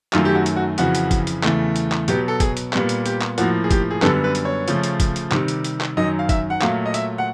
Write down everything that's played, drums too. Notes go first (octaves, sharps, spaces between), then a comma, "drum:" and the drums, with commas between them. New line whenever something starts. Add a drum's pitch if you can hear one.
F#2 D#3 F#3 A3 F4, drum: clap
G4
F#4
drum: hi-hat
F#4
F2 C#3 E3 F#4, drum: hi-hat
drum: hi-hat
drum: kick, hi-hat
drum: hi-hat
E2 C#3 E3 A3, drum: clap
drum: hi-hat
drum: clap
B2 F#3 B3 G4, drum: hi-hat
A4
G#4, drum: kick, hi-hat
drum: hi-hat
A#2 G3 B3, drum: clap
drum: hi-hat
G4, drum: hi-hat
drum: clap
A2 F3 A#3 F#4, drum: hi-hat
G#4
G4, drum: kick, hi-hat
G#4
F#2 D3 G3 B3 A4, drum: clap
B4
drum: hi-hat
C#5
C#3 F3 A3, drum: hi-hat
drum: hi-hat
drum: kick, hi-hat
drum: hi-hat
C3 D#3 G3, drum: clap
drum: hi-hat
drum: hi-hat
drum: clap
F#2 D#3 F#3 D#5
F5
E5, drum: kick, hi-hat
F#5
A#2 F#3 A3 F5, drum: clap
D#5
E5, drum: hi-hat
F#5